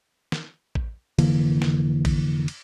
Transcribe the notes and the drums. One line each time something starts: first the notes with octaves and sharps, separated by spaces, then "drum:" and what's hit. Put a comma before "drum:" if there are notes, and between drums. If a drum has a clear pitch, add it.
drum: snare
drum: kick A1
F1 D3 E3 A#3, drum: cymbal
drum: snare
drum: kick A1, cymbal
drum: cymbal